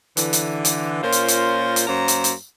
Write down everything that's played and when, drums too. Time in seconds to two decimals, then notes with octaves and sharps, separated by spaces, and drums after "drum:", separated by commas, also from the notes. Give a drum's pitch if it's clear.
0.17 D3 E3, drum: hi-hat
0.33 drum: hi-hat
0.65 drum: hi-hat
1.03 A#2 C#4 F4 A#4 C5
1.12 drum: hi-hat
1.28 drum: hi-hat
1.76 drum: hi-hat
1.88 F#2 F#3 A#3 C5 A#5
2.08 drum: hi-hat
2.24 drum: hi-hat